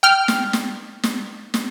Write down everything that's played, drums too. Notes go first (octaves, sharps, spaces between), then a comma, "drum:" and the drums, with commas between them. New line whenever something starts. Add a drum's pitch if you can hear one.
G5 F6
drum: snare
drum: snare
drum: snare
drum: snare